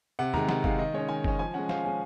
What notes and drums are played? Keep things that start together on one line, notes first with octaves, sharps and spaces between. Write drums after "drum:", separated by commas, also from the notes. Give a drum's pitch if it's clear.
C3 F#5
D#3 G#3 A#5, drum: tom
C3 F#5, drum: snare
D#3 G#3 F5, drum: kick F#1
D#3 D#5
G#3 C#4 C#5
D#3 G#5
G#3 C#4, drum: kick F#1
F3 G#5
G#3 C#4 F#5
F3 F5, drum: snare
G#3 C#4